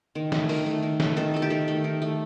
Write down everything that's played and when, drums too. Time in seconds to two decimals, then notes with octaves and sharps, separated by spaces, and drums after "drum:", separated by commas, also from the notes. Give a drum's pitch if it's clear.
0.15 D#3
0.32 A3, drum: snare
0.49 D#3, drum: open hi-hat
0.66 A3
0.83 D#3
1.00 A3, drum: snare
1.16 D#3 A4
1.34 A3 A4
1.42 G4
1.50 D#3
1.68 A3
1.84 D#3
2.02 A3